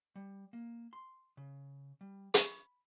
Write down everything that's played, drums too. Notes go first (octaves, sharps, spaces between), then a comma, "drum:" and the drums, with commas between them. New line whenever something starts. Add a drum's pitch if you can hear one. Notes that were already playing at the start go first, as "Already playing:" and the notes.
G3
A#3
C6
C#3
G3
B5, drum: hi-hat